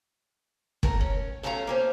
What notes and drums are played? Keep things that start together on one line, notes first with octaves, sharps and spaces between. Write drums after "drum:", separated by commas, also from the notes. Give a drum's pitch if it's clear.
A3 A#4 F#5, drum: kick
C#4
F#3 A3 C#4 F5 G5 A#5
A#3 C#4 C5